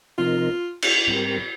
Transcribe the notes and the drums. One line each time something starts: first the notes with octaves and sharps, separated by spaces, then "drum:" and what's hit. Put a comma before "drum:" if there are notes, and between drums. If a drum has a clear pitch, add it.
C3 F3 C4 D#4 F4 A#4
drum: cymbal
G#2 G3 C4 G4 A#4